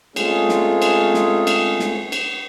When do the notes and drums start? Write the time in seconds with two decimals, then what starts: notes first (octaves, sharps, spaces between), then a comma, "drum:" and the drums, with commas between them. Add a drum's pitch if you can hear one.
0.16 G#3 A3 C4 C#4 F4 G#4, drum: cymbal
0.49 drum: snare
0.82 drum: cymbal
1.14 drum: snare
1.47 drum: cymbal
1.80 drum: snare
2.12 drum: cymbal